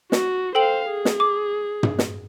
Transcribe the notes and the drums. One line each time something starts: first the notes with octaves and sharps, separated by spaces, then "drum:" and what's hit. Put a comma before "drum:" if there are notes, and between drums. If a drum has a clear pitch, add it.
F#4, drum: snare
A4 C5 F5 G5 F#7
G#4
drum: snare
D6
drum: tom
drum: snare